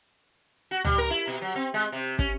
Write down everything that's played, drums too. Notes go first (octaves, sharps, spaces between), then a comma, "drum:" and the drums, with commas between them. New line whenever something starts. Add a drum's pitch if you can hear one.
F#4
G3, drum: tom C#2
A#4
E4
B2
F#3
C4
G#3
C3
C#4, drum: kick